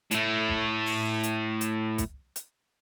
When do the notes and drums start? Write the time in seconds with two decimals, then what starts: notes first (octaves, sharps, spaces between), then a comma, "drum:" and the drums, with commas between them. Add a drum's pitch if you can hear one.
0.11 A2 A3, drum: hi-hat
0.49 drum: kick
0.86 drum: open hi-hat
1.24 drum: hi-hat
1.61 drum: hi-hat
1.98 drum: kick, hi-hat
2.36 drum: hi-hat